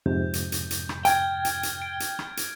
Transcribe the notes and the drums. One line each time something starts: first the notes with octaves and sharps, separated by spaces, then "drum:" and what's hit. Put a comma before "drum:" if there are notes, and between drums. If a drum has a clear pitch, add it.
F2 G#2 C3 G6
drum: hi-hat
drum: hi-hat
drum: hi-hat
drum: rim click
G5 F6 G#6 A6, drum: hi-hat
drum: hi-hat
drum: hi-hat
D7
drum: hi-hat
drum: rim click
drum: hi-hat